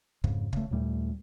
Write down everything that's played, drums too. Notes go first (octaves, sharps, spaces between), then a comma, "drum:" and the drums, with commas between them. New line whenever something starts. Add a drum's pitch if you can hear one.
F2 G#2 C#3, drum: kick
C#3 A3, drum: kick
D#2 A#2 G3 A3